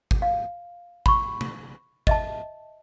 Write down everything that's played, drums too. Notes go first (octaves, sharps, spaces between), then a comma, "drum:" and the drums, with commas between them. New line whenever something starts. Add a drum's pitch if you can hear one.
drum: kick G#1
F5
B5 C#6, drum: kick G#1
drum: tom C3
D#5 E5 A5, drum: kick G#1